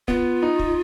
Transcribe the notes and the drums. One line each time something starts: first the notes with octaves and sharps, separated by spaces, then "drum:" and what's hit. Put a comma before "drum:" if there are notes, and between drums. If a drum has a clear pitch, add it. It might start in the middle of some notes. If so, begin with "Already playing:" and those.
B3 F4, drum: kick
D#4
drum: kick